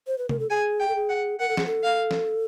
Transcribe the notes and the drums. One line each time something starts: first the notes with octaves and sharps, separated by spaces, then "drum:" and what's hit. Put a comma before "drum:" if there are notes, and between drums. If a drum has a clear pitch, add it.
C5
B4
A#4, drum: tom C3
A4
G#4 G#5
G5
A4
G#4
F#5
A#4 F#5
A4
G#4, drum: snare
A4
F5
drum: snare